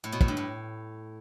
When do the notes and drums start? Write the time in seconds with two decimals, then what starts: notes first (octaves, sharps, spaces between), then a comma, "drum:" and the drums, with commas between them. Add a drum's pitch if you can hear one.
0.04 A2
0.12 B2
0.21 A2, drum: kick
0.28 G2
0.37 A2